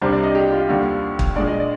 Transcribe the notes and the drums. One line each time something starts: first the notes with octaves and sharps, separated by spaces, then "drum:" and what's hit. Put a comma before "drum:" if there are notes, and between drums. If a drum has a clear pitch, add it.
C2 C3 G3 D4 C5
D5
D#5
G4
F4
D#2 D3 G3
drum: kick
A#2 G#3 D4 D5
D#5
D5